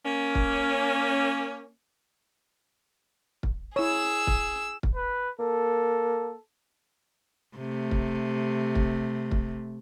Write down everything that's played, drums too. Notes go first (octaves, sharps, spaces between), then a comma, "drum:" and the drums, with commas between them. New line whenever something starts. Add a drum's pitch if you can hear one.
A#3 C#4
drum: kick
drum: kick
E4 G#4 C#5 E6
drum: kick
drum: kick
B4
A#3 A4
C3 A3
drum: kick
drum: kick
drum: kick